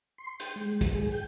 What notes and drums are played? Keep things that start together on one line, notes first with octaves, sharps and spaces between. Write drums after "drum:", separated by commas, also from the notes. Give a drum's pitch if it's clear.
C6
G5, drum: hi-hat
G#3
G#3, drum: kick, hi-hat
G#4
G5